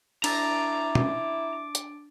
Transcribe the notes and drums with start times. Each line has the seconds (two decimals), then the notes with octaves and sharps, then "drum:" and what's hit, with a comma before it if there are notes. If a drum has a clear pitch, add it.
0.24 D4 E4 A#5 D6 A6, drum: cymbal
0.95 drum: tom
1.75 drum: hi-hat